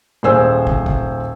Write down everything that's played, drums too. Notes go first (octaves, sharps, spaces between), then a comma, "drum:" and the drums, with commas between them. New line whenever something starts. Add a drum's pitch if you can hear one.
D#1 G#3 C5 G#5 E6
drum: kick
drum: kick